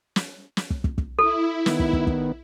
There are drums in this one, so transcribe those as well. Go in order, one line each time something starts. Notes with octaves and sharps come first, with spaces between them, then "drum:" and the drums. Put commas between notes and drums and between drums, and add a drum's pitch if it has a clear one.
drum: snare
drum: snare
drum: kick
drum: kick
drum: kick
E4 A4
D#3 B3, drum: snare
drum: kick
drum: kick
drum: kick